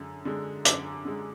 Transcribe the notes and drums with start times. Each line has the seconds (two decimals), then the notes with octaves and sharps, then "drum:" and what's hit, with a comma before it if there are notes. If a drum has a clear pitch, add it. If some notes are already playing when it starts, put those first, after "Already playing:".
Already playing: F#2 D3 G#3
0.25 D3 G#3
0.65 F#2 D6, drum: hi-hat
1.05 D3 G#3